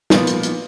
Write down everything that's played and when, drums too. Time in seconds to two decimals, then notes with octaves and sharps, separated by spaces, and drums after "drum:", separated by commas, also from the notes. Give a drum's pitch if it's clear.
0.10 A#2 F3 B3, drum: snare
0.27 drum: hi-hat
0.43 drum: hi-hat